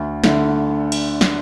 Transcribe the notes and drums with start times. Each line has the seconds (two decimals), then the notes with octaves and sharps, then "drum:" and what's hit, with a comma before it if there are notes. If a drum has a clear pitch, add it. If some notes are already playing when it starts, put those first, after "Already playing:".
Already playing: D2
0.24 D3 A3, drum: snare
0.92 drum: cymbal
1.21 drum: snare